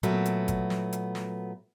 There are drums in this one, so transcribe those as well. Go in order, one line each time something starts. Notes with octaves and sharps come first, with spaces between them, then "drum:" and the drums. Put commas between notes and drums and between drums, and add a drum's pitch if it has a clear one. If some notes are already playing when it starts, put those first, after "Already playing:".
A#2 F#3 A3 B3, drum: hi-hat
drum: hi-hat
drum: kick G1, hi-hat
drum: snare
drum: hi-hat
drum: snare